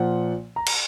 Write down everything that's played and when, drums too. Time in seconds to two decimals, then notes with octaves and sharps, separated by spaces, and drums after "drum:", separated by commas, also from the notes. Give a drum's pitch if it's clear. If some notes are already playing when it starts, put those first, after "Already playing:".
Already playing: A#2 F3 F#5
0.56 A#5
0.67 drum: cymbal